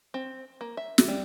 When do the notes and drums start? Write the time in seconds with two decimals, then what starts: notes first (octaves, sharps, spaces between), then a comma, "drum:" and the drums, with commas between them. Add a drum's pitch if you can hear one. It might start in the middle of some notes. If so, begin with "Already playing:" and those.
0.14 C4
0.61 A#3
0.77 E5
0.98 drum: snare
1.08 G3